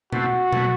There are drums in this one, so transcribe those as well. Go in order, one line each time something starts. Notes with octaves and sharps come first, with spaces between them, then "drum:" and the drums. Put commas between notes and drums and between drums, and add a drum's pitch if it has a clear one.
B2 A3 C4 E4 F#4, drum: tom B2
B2 F#3 A3, drum: tom B2